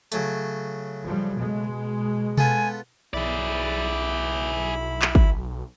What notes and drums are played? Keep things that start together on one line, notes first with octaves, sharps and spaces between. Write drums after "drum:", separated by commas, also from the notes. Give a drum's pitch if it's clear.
C#3 F#3 A3, drum: hi-hat
F3 G3
B2 G#3
B3 F4 A4 G#5, drum: tom B2
B1 E4 G#4 D5 B5
drum: clap
drum: kick